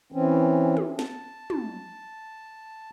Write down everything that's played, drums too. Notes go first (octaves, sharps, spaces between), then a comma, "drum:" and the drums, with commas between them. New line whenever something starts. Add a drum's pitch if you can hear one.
E3 C4 C#4
drum: tom
A5, drum: snare
drum: tom